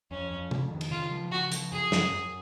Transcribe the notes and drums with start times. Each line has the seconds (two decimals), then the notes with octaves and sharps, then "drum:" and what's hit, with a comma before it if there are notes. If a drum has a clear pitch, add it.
0.11 F2 C#4
0.31 F2
0.51 F2, drum: tom
0.71 D#3
0.81 drum: cymbal
0.91 C#3 F4
1.11 F3
1.31 C#3 F#4
1.52 F3, drum: hi-hat
1.72 F#2 G#4
1.92 F#2, drum: snare
2.12 F#2